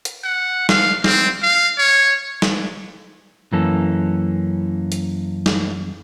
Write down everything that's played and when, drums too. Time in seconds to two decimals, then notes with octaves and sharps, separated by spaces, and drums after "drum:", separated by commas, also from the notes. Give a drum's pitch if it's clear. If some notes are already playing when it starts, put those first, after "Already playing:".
0.05 drum: hi-hat
0.24 F#5
0.69 F5, drum: snare
1.04 C4, drum: snare
1.42 F5
1.78 C#5
2.42 drum: snare
3.52 F#2 E3 A#3 C#4 A4
4.92 drum: hi-hat
5.46 drum: snare